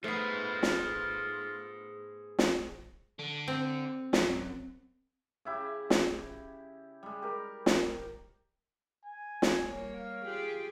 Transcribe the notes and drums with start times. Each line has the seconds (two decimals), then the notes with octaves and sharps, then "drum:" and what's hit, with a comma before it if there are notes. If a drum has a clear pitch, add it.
0.04 A3 B3 F4 G#4 C5
0.63 drum: snare
2.39 drum: snare
3.19 D3
3.48 C4
4.13 F#2, drum: snare
5.45 C#3 E4 G4
5.90 drum: snare
7.03 G3 G#3
7.22 G4 A#4
7.66 drum: snare
9.05 G#5
9.42 drum: snare
9.65 G3 A#3 C#5
9.95 F5
10.25 F4 G4 G#4